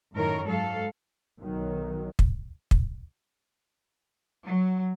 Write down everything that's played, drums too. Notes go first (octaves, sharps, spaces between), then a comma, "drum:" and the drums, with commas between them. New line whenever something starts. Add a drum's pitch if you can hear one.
F#2 A2 D#3 A#4 C#5
G#2 F#3 A4 F5
B1 D#3 F#3
drum: kick
drum: kick
F#3